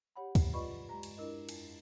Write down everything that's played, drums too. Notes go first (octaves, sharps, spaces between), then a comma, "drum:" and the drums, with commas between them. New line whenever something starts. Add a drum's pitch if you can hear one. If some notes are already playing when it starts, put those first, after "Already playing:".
G4 C#5 F#5 B5
drum: kick, cymbal
F4 B4 D5 D#5 B5 C#6
G2 G#3 A#5
drum: cymbal
D4 E4 A#4 D#5
F2, drum: cymbal